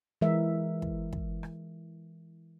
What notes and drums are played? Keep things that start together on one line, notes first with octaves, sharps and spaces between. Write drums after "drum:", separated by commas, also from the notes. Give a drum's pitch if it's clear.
E3 G#3 A#4 E5
drum: kick
drum: kick
drum: rim click